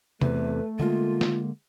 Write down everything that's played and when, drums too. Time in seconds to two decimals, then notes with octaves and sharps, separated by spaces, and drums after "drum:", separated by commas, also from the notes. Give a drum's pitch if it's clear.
0.21 E2 C3 A3 B4, drum: tom C3
0.79 D3 G#3 A#3 F4
1.21 drum: snare